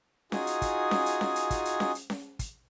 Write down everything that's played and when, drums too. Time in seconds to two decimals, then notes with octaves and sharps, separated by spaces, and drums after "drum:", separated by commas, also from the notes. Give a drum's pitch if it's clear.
0.32 D#4 F4 F#4 G#4 G#5 D#6, drum: snare C#4
0.47 drum: hi-hat
0.62 drum: kick, hi-hat
0.91 drum: snare C#4
1.06 drum: hi-hat
1.21 drum: snare C#4
1.36 drum: hi-hat
1.50 drum: kick, hi-hat
1.65 drum: hi-hat
1.80 drum: snare C#4
1.95 drum: hi-hat
2.10 drum: snare C#4
2.39 drum: kick, hi-hat